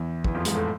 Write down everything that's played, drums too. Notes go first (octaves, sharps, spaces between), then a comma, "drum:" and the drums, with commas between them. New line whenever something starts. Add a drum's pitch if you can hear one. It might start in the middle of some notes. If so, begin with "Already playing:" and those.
Already playing: E2 E3
E2 E3, drum: kick
F2 F3
G#2 G#3, drum: hi-hat
A2 A3